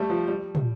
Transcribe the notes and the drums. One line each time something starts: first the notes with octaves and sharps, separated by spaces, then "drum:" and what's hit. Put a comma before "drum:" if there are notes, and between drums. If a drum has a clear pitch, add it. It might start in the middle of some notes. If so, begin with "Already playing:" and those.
Already playing: G3 A3
F3
G3
drum: tom